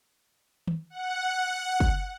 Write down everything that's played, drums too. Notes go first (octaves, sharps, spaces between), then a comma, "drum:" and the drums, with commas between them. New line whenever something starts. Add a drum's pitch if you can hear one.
drum: tom D#3
F#5
drum: kick